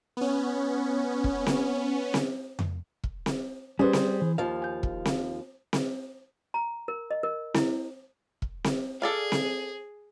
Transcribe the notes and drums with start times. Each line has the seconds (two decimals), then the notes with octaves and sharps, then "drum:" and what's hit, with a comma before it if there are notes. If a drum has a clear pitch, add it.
0.17 B3 C#4
1.24 drum: kick
1.46 drum: snare C4
2.14 drum: snare C4
2.59 drum: tom F2
3.04 drum: kick
3.26 drum: snare C4
3.79 G3 C#4 G4 G#4 B4 C5
3.93 drum: snare C4
4.22 E3
4.38 D#2 F3 F5
4.62 G#5 G6
4.83 drum: kick
5.05 drum: snare C4
5.73 drum: snare C4
6.54 A#5
6.88 A#4
7.11 D#5
7.23 A#4
7.54 E4, drum: snare C4
8.42 drum: kick
8.64 drum: snare C4
9.02 G#4 A4 D5 F5
9.32 drum: snare C4